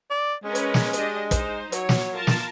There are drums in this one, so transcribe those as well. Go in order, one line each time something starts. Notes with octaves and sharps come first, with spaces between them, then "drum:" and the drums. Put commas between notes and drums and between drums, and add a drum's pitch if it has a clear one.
D5
G#3 C#4 A#4 B4
drum: hi-hat
drum: snare
D4 G4 D#5, drum: hi-hat
D#4 C5, drum: kick, hi-hat
F#3 C#5, drum: hi-hat
drum: snare
F4 A#4 A5
drum: snare